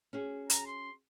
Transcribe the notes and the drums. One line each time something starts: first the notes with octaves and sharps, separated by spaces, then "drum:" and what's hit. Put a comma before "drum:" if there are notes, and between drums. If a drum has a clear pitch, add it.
C#4 F#4 G#4
A#5, drum: hi-hat
C6